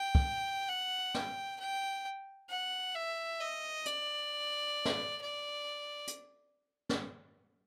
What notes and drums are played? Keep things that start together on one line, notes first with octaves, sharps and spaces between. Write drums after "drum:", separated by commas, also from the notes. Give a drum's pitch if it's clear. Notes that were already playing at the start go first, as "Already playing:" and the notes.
Already playing: G5
drum: kick
F#5
G5, drum: snare
G5
F#5
E5
D#5
D5, drum: hi-hat
drum: snare
D5
drum: hi-hat
drum: snare